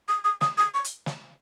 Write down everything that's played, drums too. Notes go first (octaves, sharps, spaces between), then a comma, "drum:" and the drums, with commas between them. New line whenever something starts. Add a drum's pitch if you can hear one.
D#6
D#6
D#6, drum: snare
D#6
C#6
drum: hi-hat
drum: snare